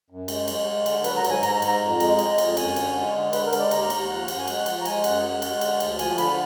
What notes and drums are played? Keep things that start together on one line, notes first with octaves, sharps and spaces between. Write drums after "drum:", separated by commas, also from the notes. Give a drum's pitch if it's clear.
F#2
G#3, drum: cymbal
G#3, drum: cymbal
G#3
D3, drum: cymbal
F#3 B4, drum: cymbal
A#5
G#2, drum: cymbal
G#5
G#2 A#5, drum: cymbal
A#5
G#2, drum: cymbal
A#5
F2
G#3, drum: cymbal
G#3, drum: cymbal
F2, drum: cymbal
F#2 G#5, drum: cymbal
D3, drum: cymbal
G#3
D3
D3 B4, drum: cymbal
A#4
G#3, drum: cymbal
D5
D#2 A#5, drum: cymbal
A#5
D#2, drum: cymbal
A#5
F3 F#5
F#2, drum: cymbal
G#5
G#3 F#5, drum: cymbal
F3, drum: cymbal
A#5
G#3 G#5, drum: cymbal
F#2 F#5, drum: cymbal
G#3
G#3, drum: cymbal
D3, drum: cymbal
D2, drum: cymbal
F3 G#5, drum: cymbal
D3 B5, drum: cymbal